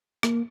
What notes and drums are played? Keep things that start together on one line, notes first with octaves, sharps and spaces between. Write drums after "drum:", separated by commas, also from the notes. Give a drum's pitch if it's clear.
A#3, drum: rim click